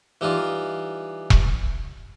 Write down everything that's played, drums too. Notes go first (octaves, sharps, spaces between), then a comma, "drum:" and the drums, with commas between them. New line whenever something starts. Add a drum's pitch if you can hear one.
E3 G3 D#4 F4
drum: kick E1